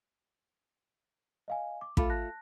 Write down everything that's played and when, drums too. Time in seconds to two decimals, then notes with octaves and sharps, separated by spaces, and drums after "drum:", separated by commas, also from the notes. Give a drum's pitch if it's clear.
1.48 D#5 F5 G#5
1.81 D6
1.97 A3 F4 A4 A5 B5 D6, drum: kick
2.10 A5 F#6 A#6